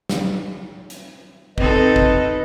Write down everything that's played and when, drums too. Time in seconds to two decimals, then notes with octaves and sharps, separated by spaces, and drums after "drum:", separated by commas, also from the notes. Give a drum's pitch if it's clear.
0.09 drum: snare
0.90 drum: hi-hat
1.58 C4 D#4 A4 B4 D#5, drum: kick
1.96 drum: kick